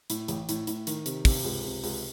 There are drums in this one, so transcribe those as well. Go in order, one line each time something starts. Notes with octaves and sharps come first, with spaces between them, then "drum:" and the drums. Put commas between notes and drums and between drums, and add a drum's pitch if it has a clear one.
A2, drum: hi-hat
A1, drum: hi-hat
A2, drum: hi-hat
A2, drum: hi-hat
D#3, drum: hi-hat
C3, drum: hi-hat
C3, drum: kick, open hi-hat
C#2
C3
C#2, drum: open hi-hat